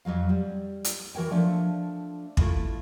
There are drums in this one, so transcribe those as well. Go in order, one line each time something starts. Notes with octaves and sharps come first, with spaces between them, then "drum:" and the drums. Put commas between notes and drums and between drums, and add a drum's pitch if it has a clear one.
F2 E3 F#3 F5
G3
drum: hi-hat
E3 F#4 A#4 C#5 G5
F3 A3 D4
A3 E4 F4, drum: kick